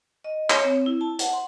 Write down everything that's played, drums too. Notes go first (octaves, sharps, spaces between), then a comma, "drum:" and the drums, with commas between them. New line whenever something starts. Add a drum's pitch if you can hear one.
D#5
C#5, drum: clap
C4
E4
A5
F#5, drum: hi-hat
C6